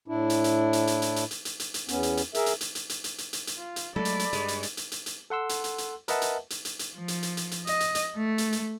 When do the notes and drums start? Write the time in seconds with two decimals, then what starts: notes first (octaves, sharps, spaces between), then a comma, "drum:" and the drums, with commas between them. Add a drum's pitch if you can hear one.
0.08 A2 D4 E4
0.30 drum: hi-hat
0.44 drum: hi-hat
0.73 drum: hi-hat
0.87 drum: hi-hat
1.02 drum: hi-hat
1.16 drum: hi-hat
1.31 drum: hi-hat
1.45 drum: hi-hat
1.60 drum: hi-hat
1.74 drum: hi-hat
1.88 E2 B3 C#4, drum: hi-hat
2.03 drum: hi-hat
2.17 drum: hi-hat
2.35 G#4 A#4 E5, drum: hi-hat
2.46 drum: hi-hat
2.61 drum: hi-hat
2.75 drum: hi-hat
2.90 drum: hi-hat
3.04 drum: hi-hat
3.18 drum: hi-hat
3.33 drum: hi-hat
3.47 drum: hi-hat
3.57 F4
3.76 drum: hi-hat
3.96 F#3 G#3 A3 A4 D5 B5
4.05 drum: hi-hat
4.19 drum: hi-hat
4.33 G2 G#3, drum: hi-hat
4.48 drum: hi-hat
4.63 drum: hi-hat
4.77 drum: hi-hat
4.92 drum: hi-hat
5.06 drum: hi-hat
5.30 A4 F#5 C6 E6
5.49 drum: hi-hat
5.64 drum: hi-hat
5.78 drum: hi-hat
6.08 A#4 B4 D#5 E5 F#5 A5, drum: hi-hat
6.22 drum: hi-hat
6.50 drum: hi-hat
6.65 drum: hi-hat
6.79 drum: hi-hat
6.97 F3
7.08 drum: hi-hat
7.23 drum: hi-hat
7.37 drum: hi-hat
7.51 drum: hi-hat
7.67 D#5, drum: hi-hat
7.80 drum: hi-hat
7.95 drum: hi-hat
8.17 A3
8.38 drum: hi-hat
8.53 drum: hi-hat